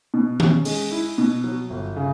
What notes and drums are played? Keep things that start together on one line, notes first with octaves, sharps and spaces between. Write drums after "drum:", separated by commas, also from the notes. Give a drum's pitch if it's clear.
B2
C#4, drum: tom D#3
G#3, drum: open hi-hat
E4
B2
F#3
G1
C#3